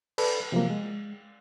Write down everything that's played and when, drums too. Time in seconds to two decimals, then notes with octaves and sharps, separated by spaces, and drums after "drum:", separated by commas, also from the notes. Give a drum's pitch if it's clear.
0.18 A4 B4 D5, drum: cymbal
0.52 C3 F3 F#3 A#3
0.70 G#3